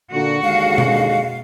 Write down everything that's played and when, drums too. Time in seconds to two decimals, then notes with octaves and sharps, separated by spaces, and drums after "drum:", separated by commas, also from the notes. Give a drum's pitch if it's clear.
0.13 A#2 D3 F#4
0.43 D#2 D3 G#3 F5
0.78 drum: tom B2